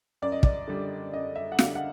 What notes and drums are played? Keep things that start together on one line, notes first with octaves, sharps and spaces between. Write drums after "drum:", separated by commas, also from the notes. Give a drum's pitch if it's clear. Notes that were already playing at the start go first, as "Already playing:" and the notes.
F#2 D5
D#5
D5, drum: kick
D3 G3
F#2 D#5
E5
F#5
D3 G3 F5, drum: snare
F#5